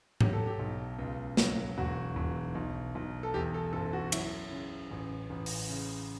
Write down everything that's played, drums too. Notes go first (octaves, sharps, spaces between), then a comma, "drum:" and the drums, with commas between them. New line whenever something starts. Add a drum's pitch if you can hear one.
F#3 G4, drum: tom G#2
A4
G4
B1
C#2
F#3, drum: snare
E1 F#4
E1
B1
B1
A4
E2 G4
A4
F#1 A4
F#4
F#3 E4, drum: cymbal
C#3
A1
A1
drum: open hi-hat
C#3